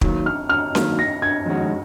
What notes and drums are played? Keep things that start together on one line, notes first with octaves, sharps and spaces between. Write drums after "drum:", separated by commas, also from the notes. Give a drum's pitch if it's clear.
D#3 F#3 A#3, drum: kick
F6
F6
D#3 F#3 A#3, drum: snare C#4
A#6
G#6
F2 D#3 G#3 C#4 F#4